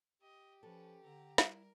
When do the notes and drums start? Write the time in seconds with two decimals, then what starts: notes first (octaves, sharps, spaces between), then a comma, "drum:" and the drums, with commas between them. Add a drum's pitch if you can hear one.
0.22 G4 D#5
0.63 F3 C#4 A4 B4
1.03 D3 C4 A#5
1.38 G3 E4 A#4, drum: snare